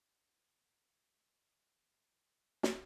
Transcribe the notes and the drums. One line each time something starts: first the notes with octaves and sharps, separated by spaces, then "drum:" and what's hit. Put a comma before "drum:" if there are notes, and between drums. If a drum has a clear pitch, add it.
A4 B4 D#5 F#5 A#5 D#6
drum: snare